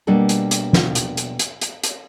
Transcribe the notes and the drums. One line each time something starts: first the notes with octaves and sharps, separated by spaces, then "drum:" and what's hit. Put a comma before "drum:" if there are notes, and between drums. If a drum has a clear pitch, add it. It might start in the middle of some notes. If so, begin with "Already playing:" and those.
B2 G3 A#3 D4 A4 A#4
drum: hi-hat
drum: hi-hat
drum: snare
drum: hi-hat
drum: hi-hat
drum: hi-hat
drum: hi-hat
drum: hi-hat